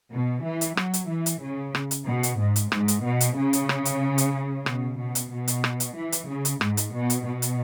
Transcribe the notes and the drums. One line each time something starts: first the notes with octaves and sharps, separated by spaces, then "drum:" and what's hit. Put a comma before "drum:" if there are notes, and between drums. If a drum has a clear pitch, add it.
B2
E3
drum: hi-hat
F#3, drum: rim click
drum: hi-hat
E3
drum: hi-hat
C#3
drum: rim click
drum: hi-hat
B2
drum: hi-hat
G#2
drum: hi-hat
G#2, drum: rim click
drum: hi-hat
B2
drum: hi-hat
C#3
drum: hi-hat
drum: rim click
drum: hi-hat
drum: hi-hat
B2, drum: rim click
B2
drum: hi-hat
B2
drum: hi-hat
drum: rim click
drum: hi-hat
E3
drum: hi-hat
C#3
drum: hi-hat
G#2, drum: rim click
drum: hi-hat
B2
drum: hi-hat
B2
drum: hi-hat